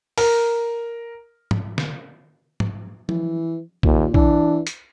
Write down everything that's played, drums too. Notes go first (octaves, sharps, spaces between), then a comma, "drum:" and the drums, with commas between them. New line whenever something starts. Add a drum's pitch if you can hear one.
A#4, drum: open hi-hat
drum: tom
drum: snare
drum: tom
E3, drum: tom
D#2 A#2, drum: kick
E3 D4, drum: kick
drum: hi-hat